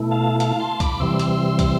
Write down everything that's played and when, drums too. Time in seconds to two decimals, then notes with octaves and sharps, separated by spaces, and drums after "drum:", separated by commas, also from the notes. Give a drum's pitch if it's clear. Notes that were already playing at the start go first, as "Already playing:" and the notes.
Already playing: B2 A3 E4
0.11 F5 A5
0.40 F5 A5, drum: hi-hat
0.60 A5 C6
0.80 B5 D6, drum: kick, hi-hat
1.00 C3 E3 G3 C6 E6
1.19 drum: hi-hat
1.59 drum: kick, hi-hat